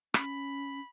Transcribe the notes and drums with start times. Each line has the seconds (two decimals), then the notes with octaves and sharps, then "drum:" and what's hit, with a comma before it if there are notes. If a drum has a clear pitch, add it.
0.14 C#4 B5, drum: rim click